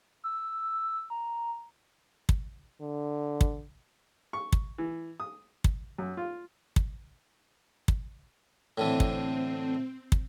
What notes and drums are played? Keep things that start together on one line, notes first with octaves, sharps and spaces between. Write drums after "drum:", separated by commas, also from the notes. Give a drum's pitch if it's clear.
E6
A#5
drum: kick
D3
drum: kick
C#6
drum: kick
E3
D#6
drum: kick
F#2
F4
drum: kick
drum: kick
A2 D3 E3 C4
drum: kick
drum: kick